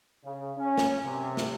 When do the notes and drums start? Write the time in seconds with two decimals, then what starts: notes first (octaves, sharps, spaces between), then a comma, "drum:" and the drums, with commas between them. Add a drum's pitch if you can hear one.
0.25 C#3
0.58 C#4
0.78 drum: snare
1.04 C3
1.37 drum: snare